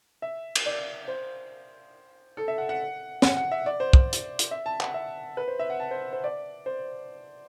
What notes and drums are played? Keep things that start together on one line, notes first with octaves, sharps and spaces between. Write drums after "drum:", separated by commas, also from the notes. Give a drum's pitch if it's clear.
E5
drum: cymbal
D5
C5
A4
E5
F#5
F#5
F#5, drum: snare
F#5
E5
D5
C5
drum: kick
drum: hi-hat
drum: hi-hat
E5
A5
F#5, drum: clap
E5
B4
C5
E5
F#5
A5
C5
C5
D5
C5